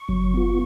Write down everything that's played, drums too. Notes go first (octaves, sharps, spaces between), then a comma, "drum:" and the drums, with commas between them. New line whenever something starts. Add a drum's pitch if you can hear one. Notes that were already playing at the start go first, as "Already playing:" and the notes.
Already playing: C#6
F#3, drum: kick F#1
B3 F4